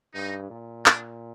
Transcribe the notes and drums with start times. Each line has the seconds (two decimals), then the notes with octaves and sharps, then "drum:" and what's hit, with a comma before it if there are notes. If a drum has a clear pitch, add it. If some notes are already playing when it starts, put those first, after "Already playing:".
0.14 G2 D#4
0.50 A#2
0.86 D4, drum: clap